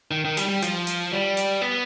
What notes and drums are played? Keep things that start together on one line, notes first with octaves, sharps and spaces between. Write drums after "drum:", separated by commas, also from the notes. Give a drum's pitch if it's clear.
D#3
D#3
G3, drum: hi-hat
G3
F3, drum: hi-hat
drum: hi-hat
G3
drum: hi-hat
B3